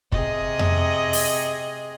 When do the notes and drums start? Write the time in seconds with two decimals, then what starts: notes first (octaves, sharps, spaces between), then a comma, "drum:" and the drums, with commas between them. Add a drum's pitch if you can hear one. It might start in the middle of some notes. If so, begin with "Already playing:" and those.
0.12 C3 G#4 D#5, drum: kick
0.59 drum: tom F2
1.13 drum: open hi-hat